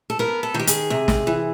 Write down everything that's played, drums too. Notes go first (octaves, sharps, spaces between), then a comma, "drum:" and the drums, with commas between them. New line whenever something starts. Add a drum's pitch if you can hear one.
A4
B3 A#4
A4
D#3 G4
G#4, drum: hi-hat
C3
drum: snare
E3